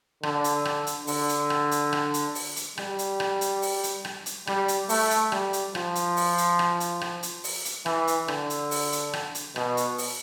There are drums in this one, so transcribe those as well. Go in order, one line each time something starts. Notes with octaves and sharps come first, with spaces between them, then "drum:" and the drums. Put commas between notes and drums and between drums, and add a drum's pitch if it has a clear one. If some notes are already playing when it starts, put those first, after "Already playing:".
D3, drum: rim click
drum: hi-hat
drum: rim click
drum: hi-hat
D3, drum: open hi-hat
drum: hi-hat
drum: rim click
drum: hi-hat
drum: rim click
drum: hi-hat
drum: open hi-hat
drum: hi-hat
G3, drum: rim click
drum: hi-hat
drum: rim click
drum: hi-hat
drum: open hi-hat
drum: hi-hat
drum: rim click
drum: hi-hat
G3, drum: rim click
drum: hi-hat
A3, drum: open hi-hat
drum: hi-hat
G3, drum: rim click
drum: hi-hat
F3, drum: rim click
drum: hi-hat
drum: open hi-hat
drum: hi-hat
drum: rim click
drum: hi-hat
drum: rim click
drum: hi-hat
drum: open hi-hat
drum: hi-hat
E3, drum: rim click
drum: hi-hat
D3, drum: rim click
drum: hi-hat
drum: open hi-hat
drum: hi-hat
drum: rim click
drum: hi-hat
B2, drum: rim click
drum: hi-hat
drum: open hi-hat